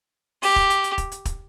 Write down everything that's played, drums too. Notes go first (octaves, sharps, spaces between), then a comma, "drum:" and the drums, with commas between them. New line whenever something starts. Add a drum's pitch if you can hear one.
G4, drum: open hi-hat
drum: kick
drum: hi-hat
drum: hi-hat
drum: kick, hi-hat
drum: hi-hat
drum: kick, hi-hat